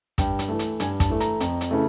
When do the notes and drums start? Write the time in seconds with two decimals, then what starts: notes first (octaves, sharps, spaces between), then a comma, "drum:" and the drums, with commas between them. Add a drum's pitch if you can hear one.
0.18 G2 G5, drum: kick, hi-hat
0.39 drum: hi-hat
0.48 E3 A3
0.59 drum: hi-hat
0.80 G2 G#5, drum: hi-hat
1.00 A5, drum: kick, hi-hat
1.10 E3 A3
1.20 A#5, drum: hi-hat
1.40 F2, drum: hi-hat
1.61 drum: hi-hat
1.71 C#3 E3 A3